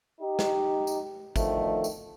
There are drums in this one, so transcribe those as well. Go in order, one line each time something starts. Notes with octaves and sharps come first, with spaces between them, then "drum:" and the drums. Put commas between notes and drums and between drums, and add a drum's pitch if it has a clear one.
D#4 G4
drum: snare
drum: tambourine
B2 D3 D#3 F3 A3, drum: kick G#1, tambourine
drum: tambourine